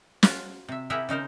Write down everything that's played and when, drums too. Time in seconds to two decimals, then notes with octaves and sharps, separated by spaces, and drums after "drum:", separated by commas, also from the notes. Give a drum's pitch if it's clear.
0.23 F4 F#4, drum: snare
0.68 C3 E5
0.90 E4 G4 G#4 A#4 E5 F#5
1.09 C#3 D#4 A#4 C5